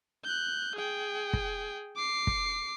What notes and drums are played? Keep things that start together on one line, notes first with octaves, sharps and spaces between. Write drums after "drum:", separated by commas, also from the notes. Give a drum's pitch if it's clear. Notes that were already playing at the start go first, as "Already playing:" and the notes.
F#6 G6
G#4 G5
drum: kick
D6 C7
drum: kick